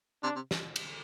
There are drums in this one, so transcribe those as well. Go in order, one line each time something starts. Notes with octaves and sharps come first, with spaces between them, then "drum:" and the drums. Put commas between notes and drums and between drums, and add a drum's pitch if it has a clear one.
C3 D4
C3
drum: snare
drum: cymbal